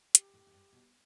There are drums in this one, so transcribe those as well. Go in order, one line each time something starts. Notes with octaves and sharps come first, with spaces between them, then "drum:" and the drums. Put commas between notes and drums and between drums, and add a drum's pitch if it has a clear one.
G4, drum: hi-hat
A2
A2
G2
B2